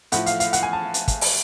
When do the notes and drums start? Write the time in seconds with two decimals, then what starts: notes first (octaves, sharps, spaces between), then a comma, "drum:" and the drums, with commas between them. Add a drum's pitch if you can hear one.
0.12 A2 F3 F#5, drum: hi-hat
0.26 F5, drum: hi-hat
0.40 F5, drum: hi-hat
0.53 F#5, drum: hi-hat
0.63 G#5
0.73 A5
0.94 drum: hi-hat
1.08 drum: kick, hi-hat
1.21 drum: open hi-hat